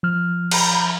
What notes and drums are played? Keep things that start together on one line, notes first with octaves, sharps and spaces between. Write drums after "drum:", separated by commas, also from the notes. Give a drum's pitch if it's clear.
F3 F6
A#5 B5 G6, drum: cymbal